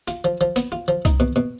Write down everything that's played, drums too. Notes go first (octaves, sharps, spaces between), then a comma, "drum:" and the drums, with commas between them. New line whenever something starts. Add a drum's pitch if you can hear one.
F4, drum: hi-hat
F3
F3
B3, drum: hi-hat
F4
F3
D#4, drum: kick C2, hi-hat
B2
B2